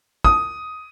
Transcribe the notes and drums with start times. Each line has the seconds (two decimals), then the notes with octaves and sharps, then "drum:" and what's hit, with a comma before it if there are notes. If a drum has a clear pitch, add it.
0.24 D#6, drum: kick